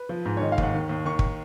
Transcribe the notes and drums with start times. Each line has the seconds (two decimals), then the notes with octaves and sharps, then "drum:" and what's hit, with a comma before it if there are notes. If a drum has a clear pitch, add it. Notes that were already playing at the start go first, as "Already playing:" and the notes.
Already playing: B4
0.09 F3
0.26 G#2
0.37 C#5
0.41 D#3 D#5
0.52 F5
0.58 D#2 F#5, drum: kick
0.74 D#3
0.89 D#2
1.05 D#3 C#6
1.19 drum: kick